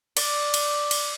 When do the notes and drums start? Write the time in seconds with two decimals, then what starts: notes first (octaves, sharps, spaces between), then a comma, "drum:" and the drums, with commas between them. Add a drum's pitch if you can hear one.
0.17 D5, drum: cymbal
0.54 drum: cymbal
0.91 drum: cymbal